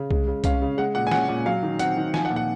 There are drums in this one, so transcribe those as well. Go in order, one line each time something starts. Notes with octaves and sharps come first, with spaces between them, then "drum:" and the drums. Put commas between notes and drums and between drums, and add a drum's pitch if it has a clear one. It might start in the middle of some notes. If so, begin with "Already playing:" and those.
Already playing: C#3
G#3, drum: kick C2
C#3
C#4 F5, drum: kick C2, hi-hat
C#3
G#3 F#5
A#2 F#5
G#5
C#4 F#5, drum: snare
A#2
F#3 F5
D#3
C4 F#5, drum: hi-hat
D#3
F3 G#5, drum: snare
F#5
A#2
F#5